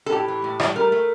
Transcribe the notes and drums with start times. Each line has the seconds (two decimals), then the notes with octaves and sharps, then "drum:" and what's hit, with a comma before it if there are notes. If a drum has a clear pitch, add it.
0.06 A4
0.12 A2 G4
0.28 E3
0.44 A2
0.60 G3, drum: rim click
0.76 A3 A#4
0.92 A3